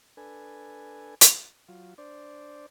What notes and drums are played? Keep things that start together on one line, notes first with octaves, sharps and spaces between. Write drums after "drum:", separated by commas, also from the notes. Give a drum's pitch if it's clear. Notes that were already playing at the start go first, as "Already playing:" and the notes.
D4 A4 B4 G#5
drum: hi-hat
F#3 F4
D4 C5 D5